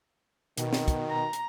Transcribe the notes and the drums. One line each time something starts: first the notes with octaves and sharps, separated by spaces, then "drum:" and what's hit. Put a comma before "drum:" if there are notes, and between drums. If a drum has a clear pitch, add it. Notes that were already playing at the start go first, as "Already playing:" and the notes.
B2 D#3, drum: hi-hat
drum: snare
drum: kick, hi-hat
A#5
drum: hi-hat